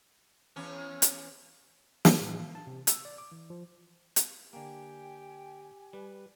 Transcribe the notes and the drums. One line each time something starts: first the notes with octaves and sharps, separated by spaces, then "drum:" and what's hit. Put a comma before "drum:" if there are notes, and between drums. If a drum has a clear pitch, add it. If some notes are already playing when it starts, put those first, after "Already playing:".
E2 C#4
drum: hi-hat
A4, drum: snare
A2
F5
A5
C3
E6, drum: hi-hat
D5
D6
E3
F3
drum: hi-hat
D3 A#3 G4 G5 G#5
G3 B4